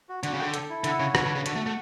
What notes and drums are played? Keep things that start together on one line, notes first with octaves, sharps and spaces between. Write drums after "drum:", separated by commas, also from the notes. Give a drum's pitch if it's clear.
F#4
D3 F#4, drum: hi-hat
C#3
D3 G5
A4, drum: hi-hat
E4
D3 F#5, drum: hi-hat
C#3 C#5
D3 B4, drum: rim click
D3
C#3 F#4
D3 F#4, drum: hi-hat
A3
F#5
A3